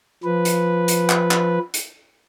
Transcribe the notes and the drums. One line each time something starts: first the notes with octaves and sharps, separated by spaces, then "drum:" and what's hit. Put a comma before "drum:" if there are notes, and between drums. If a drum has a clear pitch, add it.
F3 B4
drum: hi-hat
drum: hi-hat
drum: clap
drum: clap
drum: hi-hat